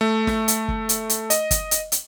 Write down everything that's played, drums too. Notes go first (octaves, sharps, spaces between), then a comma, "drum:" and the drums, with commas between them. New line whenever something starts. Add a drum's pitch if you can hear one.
A3
drum: snare
drum: hi-hat
drum: kick
drum: hi-hat
drum: hi-hat
D#5, drum: hi-hat
drum: kick, hi-hat
drum: hi-hat
drum: hi-hat